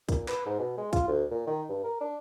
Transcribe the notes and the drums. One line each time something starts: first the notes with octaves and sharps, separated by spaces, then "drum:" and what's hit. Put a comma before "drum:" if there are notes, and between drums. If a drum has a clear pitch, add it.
A#2, drum: kick, hi-hat
B4, drum: clap
G#2
B2
G#3
F4, drum: kick, hi-hat
D2
A#2
D#3
G2
A#4
D4